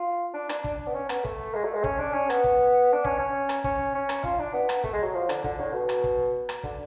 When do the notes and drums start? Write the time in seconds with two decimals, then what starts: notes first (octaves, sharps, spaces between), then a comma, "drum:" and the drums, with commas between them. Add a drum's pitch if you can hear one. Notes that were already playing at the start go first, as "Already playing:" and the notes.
Already playing: F4
0.34 D4
0.49 D4, drum: rim click
0.64 D4, drum: kick
0.87 B3
0.95 C#4
1.09 B3, drum: rim click
1.25 A3, drum: kick
1.54 G#3
1.64 A3
1.74 G#3
1.84 C#4, drum: kick
1.99 D4
2.14 C#4
2.30 B3, drum: rim click
2.44 drum: kick
2.93 D4
3.05 C#4, drum: kick
3.19 C#4
3.49 drum: rim click
3.64 C#4, drum: kick
3.95 C#4
4.09 drum: rim click
4.24 F4, drum: kick
4.39 D4
4.53 B3
4.69 drum: rim click
4.84 A3, drum: kick
4.93 G#3
5.03 F#3
5.14 F3
5.29 D3, drum: rim click
5.44 D3, drum: kick
5.59 A2
5.73 B2
5.89 drum: rim click
6.04 drum: kick
6.49 drum: rim click
6.63 D3, drum: kick